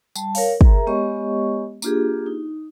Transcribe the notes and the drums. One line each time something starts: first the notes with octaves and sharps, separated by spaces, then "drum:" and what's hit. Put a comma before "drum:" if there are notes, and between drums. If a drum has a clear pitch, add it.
G3 A5, drum: tambourine
A#4 C#5 F5, drum: open hi-hat
G#4 A#4 E5 A#5, drum: kick
G#3 B3 G4 C#5 D#5 C#6
A#3 D4 F4 G4 G#4, drum: tambourine
D#4